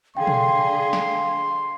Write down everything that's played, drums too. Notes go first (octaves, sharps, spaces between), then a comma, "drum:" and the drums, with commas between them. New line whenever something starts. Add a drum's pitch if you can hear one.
D3 G#4 F5 G5 C6
drum: tom
drum: snare